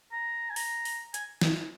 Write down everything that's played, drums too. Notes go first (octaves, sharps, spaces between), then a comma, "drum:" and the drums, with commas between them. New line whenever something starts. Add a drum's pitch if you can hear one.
A#5
G#5
A#5, drum: open hi-hat
drum: open hi-hat
G#5, drum: hi-hat
drum: snare